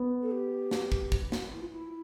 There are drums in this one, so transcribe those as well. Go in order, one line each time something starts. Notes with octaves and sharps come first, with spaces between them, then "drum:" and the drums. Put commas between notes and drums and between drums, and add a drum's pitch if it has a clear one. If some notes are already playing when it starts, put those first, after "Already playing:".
Already playing: B3
A4
G4
drum: snare
drum: kick
drum: kick
drum: snare
E4
F4
E4